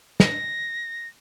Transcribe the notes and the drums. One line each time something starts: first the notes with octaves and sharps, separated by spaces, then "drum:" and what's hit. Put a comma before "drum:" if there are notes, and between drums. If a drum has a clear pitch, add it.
A#6, drum: snare